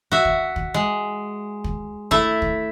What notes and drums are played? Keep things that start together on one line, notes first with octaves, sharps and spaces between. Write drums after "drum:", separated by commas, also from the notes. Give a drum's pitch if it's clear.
F#4 E5
drum: kick
drum: kick
G#3
drum: kick
A3 E4 E5, drum: kick
drum: kick